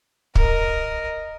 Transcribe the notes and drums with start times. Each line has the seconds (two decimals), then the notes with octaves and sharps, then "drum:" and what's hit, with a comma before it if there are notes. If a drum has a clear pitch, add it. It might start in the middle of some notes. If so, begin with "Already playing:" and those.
0.35 A#4 D#5, drum: kick